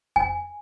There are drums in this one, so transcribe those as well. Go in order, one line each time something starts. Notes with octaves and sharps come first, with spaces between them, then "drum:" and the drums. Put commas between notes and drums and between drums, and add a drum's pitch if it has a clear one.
G#5, drum: kick F2